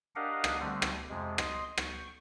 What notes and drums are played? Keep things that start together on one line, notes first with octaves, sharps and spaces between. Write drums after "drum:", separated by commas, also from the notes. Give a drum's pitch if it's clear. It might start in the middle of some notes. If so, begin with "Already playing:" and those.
D4 G4 A#4 D#5 F5 F#5
drum: rim click
D3 G3 A3 C4
drum: rim click
F2 C3 G#3
D#5 C6, drum: rim click
G5 C#6, drum: rim click